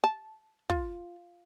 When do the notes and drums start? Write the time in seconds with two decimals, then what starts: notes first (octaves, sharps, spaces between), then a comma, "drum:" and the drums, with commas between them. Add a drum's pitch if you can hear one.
0.04 A5
0.70 F4, drum: kick